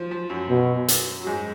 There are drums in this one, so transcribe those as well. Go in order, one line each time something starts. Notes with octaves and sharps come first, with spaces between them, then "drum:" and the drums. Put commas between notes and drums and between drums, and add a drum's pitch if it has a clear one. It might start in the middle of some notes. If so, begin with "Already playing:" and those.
Already playing: F3
F3
F#2 F#3
B2
drum: hi-hat
F#3
G#2 G#3